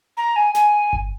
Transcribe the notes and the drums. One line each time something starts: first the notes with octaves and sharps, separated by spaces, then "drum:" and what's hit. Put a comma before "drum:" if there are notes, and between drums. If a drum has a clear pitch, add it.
A#5
G#5
G#5, drum: snare
drum: kick G1